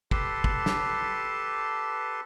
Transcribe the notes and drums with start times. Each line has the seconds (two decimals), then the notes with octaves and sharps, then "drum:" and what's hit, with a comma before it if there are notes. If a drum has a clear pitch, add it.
0.11 G4 A4 B4 A5 C6, drum: kick
0.44 drum: kick
0.66 drum: snare